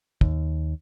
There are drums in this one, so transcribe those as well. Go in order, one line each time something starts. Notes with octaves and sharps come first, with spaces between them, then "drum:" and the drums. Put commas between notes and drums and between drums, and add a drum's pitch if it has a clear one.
D#2, drum: kick